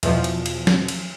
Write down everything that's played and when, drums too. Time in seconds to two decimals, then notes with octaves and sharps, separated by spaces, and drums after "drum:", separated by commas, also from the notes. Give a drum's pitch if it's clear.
0.03 E2 B2 F3, drum: cymbal
0.24 drum: cymbal
0.46 drum: cymbal
0.67 drum: snare
0.88 drum: cymbal